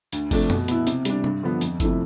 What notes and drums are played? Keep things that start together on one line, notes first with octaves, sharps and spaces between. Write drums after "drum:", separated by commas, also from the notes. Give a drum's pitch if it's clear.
D2, drum: hi-hat
C3 F3 A3 D4, drum: kick G1, open hi-hat
B2, drum: tom F#2
B3 E4, drum: hi-hat
C3, drum: hi-hat
G3 D4, drum: hi-hat
G2, drum: tom C3
D3 F3 B3
F2, drum: hi-hat
C3 F3 A3 E4, drum: kick G1, hi-hat